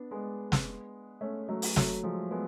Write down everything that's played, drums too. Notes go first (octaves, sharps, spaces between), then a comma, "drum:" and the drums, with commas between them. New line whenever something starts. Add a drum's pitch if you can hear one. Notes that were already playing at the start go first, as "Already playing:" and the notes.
Already playing: B3 D4
G#3 B3
drum: snare
A3 C#4
F#3 A3
drum: open hi-hat
F#3 A3, drum: snare
F3 G#3
G#3 B3